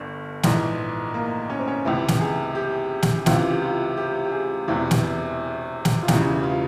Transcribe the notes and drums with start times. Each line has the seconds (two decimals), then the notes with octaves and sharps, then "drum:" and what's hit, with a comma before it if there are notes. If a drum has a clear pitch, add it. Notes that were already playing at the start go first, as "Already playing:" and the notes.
Already playing: G1 G2
0.43 A#1 G#2 E3, drum: snare
1.14 A#3
1.50 C#4
1.59 C4
1.68 C#4
1.85 C#2 C3 E3
2.08 drum: snare
2.20 G#4
2.55 G4
3.03 drum: snare
3.26 C#2 C3 E3 F4, drum: snare
3.50 G4
3.62 F4
3.97 G4
4.24 G4
4.32 G#4
4.68 E1 E2 C3 E3
4.91 drum: snare
5.85 drum: snare
6.03 F4
6.08 E1 E2 C#3 E3 G4, drum: snare
6.26 G4
6.43 F4